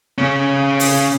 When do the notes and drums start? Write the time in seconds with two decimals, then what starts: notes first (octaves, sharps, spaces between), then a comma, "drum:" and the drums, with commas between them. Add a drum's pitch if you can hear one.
0.18 C#3 C#4
0.80 drum: open hi-hat